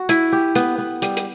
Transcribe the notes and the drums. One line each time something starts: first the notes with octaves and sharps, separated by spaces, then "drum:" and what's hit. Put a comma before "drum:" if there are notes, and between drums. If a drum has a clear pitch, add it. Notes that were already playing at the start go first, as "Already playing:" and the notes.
Already playing: F#4
E4, drum: hi-hat
G4
B3, drum: hi-hat
B3
G3, drum: hi-hat
drum: hi-hat